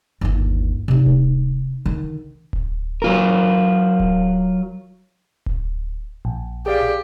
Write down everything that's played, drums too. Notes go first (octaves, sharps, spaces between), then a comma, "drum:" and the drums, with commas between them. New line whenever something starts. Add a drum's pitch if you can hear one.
G1 D#2
C3 D#4
drum: kick D1
D3 D#3
drum: kick D1
F#3 F4 A#4
drum: kick D1
drum: kick D1
A#1
G4 G#4 D5 F5